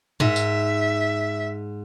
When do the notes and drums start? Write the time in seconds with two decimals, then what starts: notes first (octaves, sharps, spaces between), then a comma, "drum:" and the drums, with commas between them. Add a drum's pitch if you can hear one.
0.20 G#2 E5, drum: tom
0.36 drum: tambourine